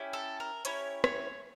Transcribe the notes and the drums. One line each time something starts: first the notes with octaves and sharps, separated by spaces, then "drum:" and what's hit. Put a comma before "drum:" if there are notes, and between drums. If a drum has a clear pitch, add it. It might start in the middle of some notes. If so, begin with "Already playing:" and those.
Already playing: C#4 E4 G4
A4
A#4
C#4 E4 G4 C#5, drum: hi-hat
C#5, drum: rim click